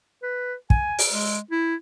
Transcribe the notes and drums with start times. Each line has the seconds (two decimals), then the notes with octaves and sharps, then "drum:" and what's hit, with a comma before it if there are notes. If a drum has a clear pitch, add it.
0.23 B4
0.70 G#5, drum: kick
0.99 drum: open hi-hat
1.12 G#3
1.51 E4